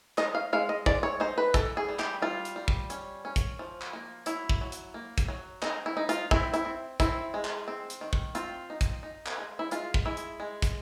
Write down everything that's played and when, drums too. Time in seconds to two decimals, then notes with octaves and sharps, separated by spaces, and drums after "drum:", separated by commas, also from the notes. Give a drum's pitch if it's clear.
0.18 D#4 D#5, drum: clap
0.35 F5
0.53 G#3 F5
0.69 D#5
0.86 G#3 D5, drum: kick
1.03 C#5
1.20 D#4 C5
1.38 B4
1.54 E3 A4, drum: kick, hi-hat
1.77 G#4
1.88 G3
1.99 G4, drum: clap
2.22 G3 F4
2.45 drum: hi-hat
2.56 G3
2.68 drum: kick
2.90 C#4, drum: hi-hat
3.25 C#4
3.36 drum: kick, hi-hat
3.59 F3
3.81 drum: clap
3.93 A#3
4.26 F#3 E4, drum: hi-hat
4.49 drum: kick
4.61 F#3
4.72 drum: hi-hat
4.94 A#3
5.18 drum: kick, hi-hat
5.28 F#3
5.62 C4 D#4, drum: clap
5.86 E4
5.97 D#4
6.09 F4, drum: hi-hat
6.31 C4 E4, drum: kick
6.54 E4, drum: hi-hat
6.65 C4
7.00 C4 E4, drum: kick, hi-hat
7.34 G#3
7.45 drum: clap
7.68 C4
7.90 drum: hi-hat
8.01 D#3
8.13 drum: kick
8.35 C4 F4, drum: hi-hat
8.70 D#4
8.81 drum: kick, hi-hat
9.03 D#4
9.26 drum: clap
9.38 G#3
9.59 E4
9.71 G#3 F4, drum: hi-hat
9.94 drum: kick
10.06 G#3 E4
10.17 drum: hi-hat
10.40 G#3
10.62 drum: kick, hi-hat